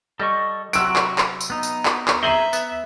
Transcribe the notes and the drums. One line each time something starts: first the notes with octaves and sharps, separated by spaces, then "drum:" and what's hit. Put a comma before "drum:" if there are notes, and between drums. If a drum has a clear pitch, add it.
G3 A4 D#5 C#6
C3 F#3 F#4 F#5 E6 D7, drum: tambourine
drum: clap
drum: clap
drum: tambourine
B3 D#4
drum: tambourine
drum: clap
drum: clap
C4 G#4 E5 G#5 A#5 F#7 G7
B3, drum: tambourine